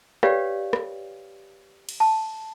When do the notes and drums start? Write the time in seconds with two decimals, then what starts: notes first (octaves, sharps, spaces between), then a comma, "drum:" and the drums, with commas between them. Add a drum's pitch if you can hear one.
0.23 G4 B4 C#5 D5 F5 G5, drum: rim click
0.73 drum: rim click
1.89 drum: cymbal
2.00 A5